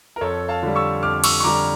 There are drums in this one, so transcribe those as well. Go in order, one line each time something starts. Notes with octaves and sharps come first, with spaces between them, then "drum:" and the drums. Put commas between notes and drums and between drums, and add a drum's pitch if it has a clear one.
A#4
F2 A4 C#5
F5 A5
D3 G3
C#6 E6
F2 D6 F6
C#6 E6, drum: cymbal
C#6
D3 G3 A#5 D6